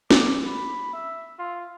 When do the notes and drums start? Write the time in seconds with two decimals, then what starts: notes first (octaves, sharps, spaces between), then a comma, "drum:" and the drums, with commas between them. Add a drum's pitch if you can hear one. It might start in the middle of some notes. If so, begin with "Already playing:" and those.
0.11 D6, drum: snare
0.46 B5
0.93 E5
1.39 F4